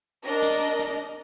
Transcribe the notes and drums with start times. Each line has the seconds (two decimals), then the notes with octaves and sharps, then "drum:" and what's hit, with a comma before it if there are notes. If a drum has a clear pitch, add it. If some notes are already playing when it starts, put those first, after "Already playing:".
0.24 D4 A#4 D#5
0.42 drum: hi-hat
0.79 drum: hi-hat